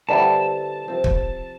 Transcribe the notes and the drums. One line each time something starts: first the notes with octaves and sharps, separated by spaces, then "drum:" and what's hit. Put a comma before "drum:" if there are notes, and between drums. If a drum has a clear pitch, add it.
G2 D3 G3 C4 E4 A5
C3 F3 C4
drum: kick